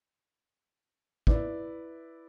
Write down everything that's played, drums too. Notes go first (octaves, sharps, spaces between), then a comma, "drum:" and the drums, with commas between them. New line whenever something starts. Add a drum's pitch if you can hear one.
E4 B4 D5, drum: kick